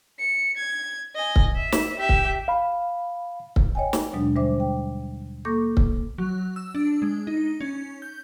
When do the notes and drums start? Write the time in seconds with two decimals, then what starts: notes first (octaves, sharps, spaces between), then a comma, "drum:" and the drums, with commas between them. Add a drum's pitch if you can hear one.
0.19 C#7
0.57 G#6
1.15 D#5 G#5
1.36 drum: kick C#1
1.56 E5
1.72 drum: snare
1.99 G4 E5
2.09 drum: kick C#1
2.48 F5 B5
3.56 drum: kick C#1
3.75 C#5 D#5 G5 G#5
3.93 drum: snare
4.13 D#2 B2 F#3 G#3 D4
4.36 D3 G3 G#3 C5 E5 D6
4.60 G5
5.45 A#3 A4 C#6 D6 G6 A#6
5.77 drum: kick C#1
6.18 F#3
6.56 E6
6.75 D4
7.02 G#3
7.27 D#4
7.61 C#4
8.02 G6